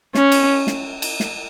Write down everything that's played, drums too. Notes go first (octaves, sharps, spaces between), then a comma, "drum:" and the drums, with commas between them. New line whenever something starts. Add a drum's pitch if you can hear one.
C#4, drum: snare
drum: cymbal
drum: snare
drum: cymbal
drum: snare